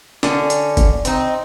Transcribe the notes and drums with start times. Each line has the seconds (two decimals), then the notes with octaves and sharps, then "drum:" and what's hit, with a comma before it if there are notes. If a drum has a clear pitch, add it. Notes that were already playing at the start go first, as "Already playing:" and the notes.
0.23 D3 C#4, drum: snare
0.50 drum: hi-hat
0.77 drum: kick F#1, hi-hat
1.05 C4 D#4, drum: hi-hat